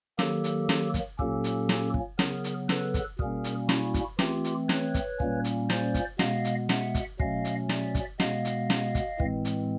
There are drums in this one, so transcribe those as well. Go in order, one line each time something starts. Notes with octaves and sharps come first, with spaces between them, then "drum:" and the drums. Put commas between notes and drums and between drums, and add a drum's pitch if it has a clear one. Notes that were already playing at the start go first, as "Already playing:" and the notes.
D#3 F#3 A#3 G4 A4, drum: snare
drum: hi-hat
drum: snare
drum: kick, hi-hat
A#2 F#3 A#3 C#4 G4 A4, drum: kick
drum: hi-hat
drum: snare
drum: kick
C#3 F#3 B3 G#4 A#4, drum: snare
drum: hi-hat
A4 B4, drum: snare
drum: kick, hi-hat
B2 G3 A#3 C#4 G#4 A#4, drum: kick
drum: hi-hat
E4 F#4, drum: snare
drum: kick, hi-hat
E3 A3 C4 F4 G4, drum: snare
drum: hi-hat
B4 C#5, drum: snare
drum: kick, hi-hat
A#2 G3 A#3 C#4, drum: kick
drum: hi-hat
C5 D5, drum: snare
drum: kick, hi-hat
B2 G#3 B3 D#5 F5, drum: snare
drum: hi-hat
E5 F#5, drum: snare
drum: kick, hi-hat
B2 F#3 A3 C#4 D#5 F5, drum: kick
drum: hi-hat
D5 E5, drum: snare
drum: kick, hi-hat
B2 G#3 B3 D#5 F5, drum: snare
drum: hi-hat
drum: snare
drum: kick, hi-hat
A2 E3 G#3 C4, drum: kick
drum: hi-hat